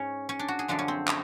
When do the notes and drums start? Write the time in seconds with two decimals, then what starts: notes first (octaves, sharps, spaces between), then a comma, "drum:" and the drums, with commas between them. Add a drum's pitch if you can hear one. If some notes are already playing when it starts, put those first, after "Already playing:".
Already playing: G#2 C#4
0.29 C#4
0.39 D4
0.48 F#4
0.59 G#4
0.68 F#2 D3 F3 D4
0.79 C#4
0.88 C4
1.08 drum: clap